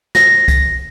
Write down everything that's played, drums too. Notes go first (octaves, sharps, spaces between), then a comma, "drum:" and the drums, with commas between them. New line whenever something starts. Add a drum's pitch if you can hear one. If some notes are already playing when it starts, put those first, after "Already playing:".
A#6, drum: snare
drum: kick C2, hi-hat